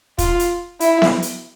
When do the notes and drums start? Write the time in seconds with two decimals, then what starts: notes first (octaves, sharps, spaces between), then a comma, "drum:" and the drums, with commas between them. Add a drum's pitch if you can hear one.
0.18 F4, drum: kick, hi-hat
0.39 drum: hi-hat
0.80 E4, drum: hi-hat
1.02 drum: snare B3
1.22 drum: hi-hat